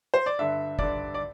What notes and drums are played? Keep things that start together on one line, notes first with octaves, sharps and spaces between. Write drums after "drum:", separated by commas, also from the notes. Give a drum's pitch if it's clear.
C5
D5
G2 D3 E5
G2 D3 D5, drum: kick
D5